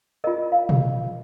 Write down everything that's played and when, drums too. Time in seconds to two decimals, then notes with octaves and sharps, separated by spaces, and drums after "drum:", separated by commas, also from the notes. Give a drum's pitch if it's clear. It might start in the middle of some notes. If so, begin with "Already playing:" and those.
0.24 F4 A#4 D#5
0.52 F5
0.69 drum: tom